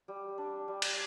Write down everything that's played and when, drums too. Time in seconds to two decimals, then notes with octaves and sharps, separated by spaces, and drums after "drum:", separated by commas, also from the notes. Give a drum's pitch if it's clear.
0.08 G3
0.38 D4
0.68 G3
0.82 drum: cymbal